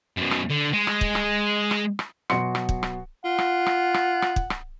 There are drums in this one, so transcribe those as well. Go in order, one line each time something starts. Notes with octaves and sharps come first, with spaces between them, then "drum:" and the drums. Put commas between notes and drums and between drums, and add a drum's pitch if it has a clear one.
F#2 B2
drum: rim click
D3
G#3
drum: rim click
drum: kick
drum: rim click
drum: rim click
drum: rim click
B2 F#3 F#4 C6 C#7, drum: rim click
drum: rim click
drum: kick
drum: rim click
F4 F#5
drum: rim click
drum: rim click
drum: rim click
drum: rim click
drum: kick
drum: rim click